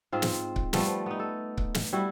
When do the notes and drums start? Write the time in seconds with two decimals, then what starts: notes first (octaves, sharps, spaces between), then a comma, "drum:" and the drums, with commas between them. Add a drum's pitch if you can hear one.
0.12 G#2 C4 F4
0.22 drum: snare
0.56 drum: kick C#1
0.73 F3 G3 A3 B3, drum: snare
1.06 B3 D#4
1.19 A4
1.58 drum: kick C#1
1.74 drum: snare
1.93 G3 E4 F#4